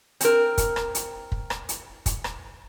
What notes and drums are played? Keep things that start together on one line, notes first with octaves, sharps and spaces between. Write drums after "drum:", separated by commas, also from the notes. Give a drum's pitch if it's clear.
C4 A#4, drum: hi-hat
drum: kick, hi-hat
drum: rim click
drum: hi-hat
drum: kick
drum: rim click
drum: hi-hat
drum: kick, hi-hat
drum: rim click